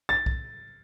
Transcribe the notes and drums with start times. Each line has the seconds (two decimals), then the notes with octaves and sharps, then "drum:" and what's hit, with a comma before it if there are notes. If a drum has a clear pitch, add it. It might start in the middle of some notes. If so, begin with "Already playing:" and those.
0.09 A6
0.26 drum: kick B1